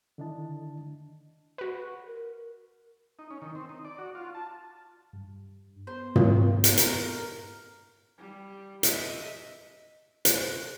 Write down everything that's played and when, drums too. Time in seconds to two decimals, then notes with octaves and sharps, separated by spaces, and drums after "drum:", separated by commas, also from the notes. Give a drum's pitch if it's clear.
0.18 D3 D#3 D4 E4 D#5 A5
1.58 F#4 B4
2.07 A#4
3.19 D#4
3.30 C#4
3.42 D#3
3.55 C4
3.69 D#4
3.85 D5
3.98 F#4
4.15 F4
4.35 A5
5.13 G2
5.87 B3 C5
6.16 drum: tom
6.64 drum: hi-hat
6.77 A#4, drum: hi-hat
8.18 G3
8.83 D#5 E5, drum: hi-hat
10.25 C5, drum: hi-hat